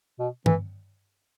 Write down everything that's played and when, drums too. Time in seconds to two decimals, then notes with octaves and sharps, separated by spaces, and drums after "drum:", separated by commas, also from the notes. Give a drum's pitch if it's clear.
0.19 B2
0.46 E3, drum: tom G2